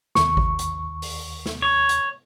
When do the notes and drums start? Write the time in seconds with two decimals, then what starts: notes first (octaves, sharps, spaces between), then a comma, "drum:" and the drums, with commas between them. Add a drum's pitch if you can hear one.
0.15 D#2 C#6, drum: snare
0.37 drum: kick G#1
0.59 drum: hi-hat
1.02 drum: open hi-hat
1.46 drum: snare
1.62 C#5
1.89 drum: hi-hat